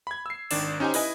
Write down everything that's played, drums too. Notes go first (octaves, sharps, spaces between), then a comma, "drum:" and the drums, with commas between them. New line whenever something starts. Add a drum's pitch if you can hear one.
B5 G#6
E6 C7
G#1 D#3 D4 D5 E7, drum: open hi-hat
C#4 D#4 G4 C5 G#5
E4 B4 D#5 G#5, drum: open hi-hat